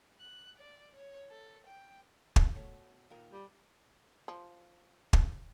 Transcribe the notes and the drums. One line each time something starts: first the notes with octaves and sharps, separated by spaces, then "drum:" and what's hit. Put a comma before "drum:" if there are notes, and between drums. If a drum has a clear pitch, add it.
F#6
D5
C#5
A4
G5
drum: kick
B2 A3 C#5
A#2 D#3 A#4
G3
F3
drum: kick